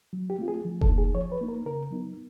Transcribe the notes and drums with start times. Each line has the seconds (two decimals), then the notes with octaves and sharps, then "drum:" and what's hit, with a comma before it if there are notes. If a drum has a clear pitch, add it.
0.13 F#3
0.30 G4
0.39 A3 C4 F4
0.48 G#4
0.65 F3
0.81 A4, drum: kick F1
0.89 A#3 D#4
0.98 G#4
1.15 F3 C#5
1.32 B4
1.41 A#3 D#4
1.48 A#4
1.66 C#3 A#4
1.91 F#3 B3 D#4